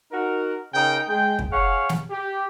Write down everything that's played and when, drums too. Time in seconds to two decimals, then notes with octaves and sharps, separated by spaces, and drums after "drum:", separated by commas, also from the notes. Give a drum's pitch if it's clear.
0.12 D#4 F#4 A#4
0.74 C#3 D#4 A#4 G5
1.08 G#3 G5
1.39 drum: kick
1.51 G#4 C#5 F5 F#5
1.89 drum: snare
2.10 G4